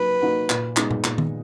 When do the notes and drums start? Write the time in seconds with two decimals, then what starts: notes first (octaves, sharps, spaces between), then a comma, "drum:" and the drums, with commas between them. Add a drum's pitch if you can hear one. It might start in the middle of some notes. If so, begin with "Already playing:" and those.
Already playing: F#3 A#3 D#4 F#4 B4
0.22 A#3 D#4 F#4
0.50 A#2, drum: clap
0.77 G#3 B3 D#4, drum: clap
0.91 drum: tom A#2
1.04 A#2, drum: clap
1.18 drum: tom